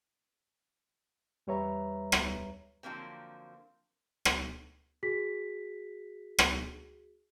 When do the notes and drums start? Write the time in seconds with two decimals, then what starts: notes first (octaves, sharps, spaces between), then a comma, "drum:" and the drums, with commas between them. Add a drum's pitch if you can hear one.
1.47 E2 G3 B4 C#5 E5 A#5
2.12 drum: rim click
2.83 D3 F3 F#3 A#3 C4
4.25 drum: rim click
5.03 F#4 G#4 B6
6.39 drum: rim click